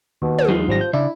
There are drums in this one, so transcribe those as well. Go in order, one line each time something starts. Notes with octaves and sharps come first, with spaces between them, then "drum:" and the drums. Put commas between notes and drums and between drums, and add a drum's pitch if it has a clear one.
D#2 B2
drum: tom
E2 F#3 G#3 D#4 F4
G#1 F3 G3 A#6
G6
C#3 D4 E4